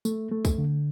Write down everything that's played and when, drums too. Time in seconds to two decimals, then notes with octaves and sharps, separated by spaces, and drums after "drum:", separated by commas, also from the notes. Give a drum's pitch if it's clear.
0.05 A3, drum: tambourine
0.32 A3
0.45 drum: kick, tambourine
0.58 D3